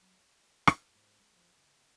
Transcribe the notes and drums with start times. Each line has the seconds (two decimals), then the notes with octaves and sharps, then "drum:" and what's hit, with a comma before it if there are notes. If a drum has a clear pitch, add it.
0.01 F#3
0.20 C#5
0.67 drum: rim click
0.94 G#2
1.19 G#3
1.36 F3
1.57 C#3